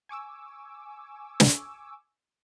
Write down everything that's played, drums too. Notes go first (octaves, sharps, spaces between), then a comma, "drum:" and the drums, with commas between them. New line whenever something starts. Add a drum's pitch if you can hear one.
G#5 C#6 D6 E6
drum: snare